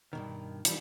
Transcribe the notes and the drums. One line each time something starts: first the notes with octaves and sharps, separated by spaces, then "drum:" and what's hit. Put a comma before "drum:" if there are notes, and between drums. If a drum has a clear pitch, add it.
G2 B2 D#3
E3 F3 G3, drum: hi-hat